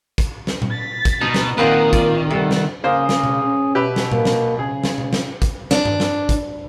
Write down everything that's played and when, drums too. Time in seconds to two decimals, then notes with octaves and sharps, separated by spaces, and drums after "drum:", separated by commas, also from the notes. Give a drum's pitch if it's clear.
0.18 drum: kick, hi-hat
0.47 drum: snare
0.62 drum: tom A#2
0.71 A6 B6
1.05 drum: kick, hi-hat
1.21 B2 D#4
1.34 drum: snare
1.58 A#2 D#3 A#3 C4 B4 F#5 D#6
1.93 F4 D5, drum: kick, hi-hat
2.31 C3 G3 A4 F#5
2.51 drum: snare
2.84 C#3 A#3 G#4 C5
3.09 drum: snare
3.24 drum: tom B2
3.44 C#4
3.75 B2 G4 B4 E5
3.96 drum: snare
4.12 A#3, drum: tom A#2
4.25 drum: snare
4.59 C#3 G#4
4.84 drum: snare
4.98 drum: tom B2
5.13 drum: snare
5.42 drum: kick, hi-hat
5.71 D4, drum: snare
5.85 drum: tom G2
6.00 drum: snare
6.29 drum: kick, hi-hat